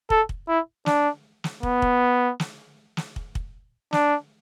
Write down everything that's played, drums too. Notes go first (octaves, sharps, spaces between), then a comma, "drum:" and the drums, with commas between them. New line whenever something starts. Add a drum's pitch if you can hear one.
A4, drum: kick
drum: kick
E4
D4, drum: snare
drum: snare
B3, drum: kick
drum: kick
drum: snare
drum: snare
drum: kick
drum: kick
D4, drum: snare